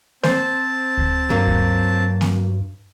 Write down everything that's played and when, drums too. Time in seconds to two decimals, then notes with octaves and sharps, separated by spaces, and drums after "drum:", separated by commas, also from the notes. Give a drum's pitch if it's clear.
0.23 C4 C5 A5, drum: snare A#3
0.97 drum: kick D2
1.30 G2 F#3 A#3
1.47 drum: kick D2
2.21 drum: snare A#3